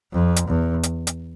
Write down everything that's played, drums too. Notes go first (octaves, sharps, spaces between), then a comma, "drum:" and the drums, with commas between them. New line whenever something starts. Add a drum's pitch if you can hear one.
F2
drum: hi-hat
E2
drum: hi-hat
drum: hi-hat